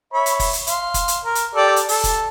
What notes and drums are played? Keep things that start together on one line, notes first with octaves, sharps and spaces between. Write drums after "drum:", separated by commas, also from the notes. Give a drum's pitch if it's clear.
C#5 E5 B5
drum: hi-hat
drum: kick, open hi-hat
drum: hi-hat
F5 C6, drum: hi-hat
drum: kick, hi-hat
drum: hi-hat
A#4
drum: hi-hat
G4 A4 D5
drum: hi-hat
A4, drum: open hi-hat
drum: kick, hi-hat